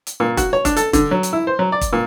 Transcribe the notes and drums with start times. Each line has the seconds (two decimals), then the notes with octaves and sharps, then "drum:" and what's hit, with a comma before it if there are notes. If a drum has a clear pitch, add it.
0.07 drum: hi-hat
0.20 A#2
0.37 F#4, drum: kick, hi-hat
0.53 C#5
0.65 D4, drum: kick, hi-hat
0.77 A4, drum: hi-hat
0.93 D3, drum: kick, hi-hat
1.11 F#3
1.23 drum: hi-hat
1.33 E4
1.47 C5
1.59 F#3
1.72 D5
1.81 drum: kick, hi-hat
1.93 A#2